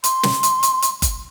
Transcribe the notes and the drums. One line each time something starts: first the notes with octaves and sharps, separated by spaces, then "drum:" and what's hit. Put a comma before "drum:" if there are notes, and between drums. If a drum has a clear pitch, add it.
C6, drum: hi-hat
drum: snare
drum: hi-hat
drum: hi-hat
drum: hi-hat
drum: kick F#1, hi-hat